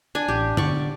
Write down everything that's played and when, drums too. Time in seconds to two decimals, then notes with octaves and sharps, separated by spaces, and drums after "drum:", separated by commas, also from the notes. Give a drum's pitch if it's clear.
0.15 D4 G#5
0.28 A1 G4
0.57 D3 B3 D4 D5 C#6, drum: tom G2